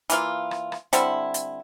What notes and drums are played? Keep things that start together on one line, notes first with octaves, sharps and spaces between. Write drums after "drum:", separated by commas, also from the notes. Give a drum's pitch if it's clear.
E3 A#3 F4, drum: hi-hat
drum: rim click
drum: rim click
D3 G3 C4 E4, drum: hi-hat
drum: hi-hat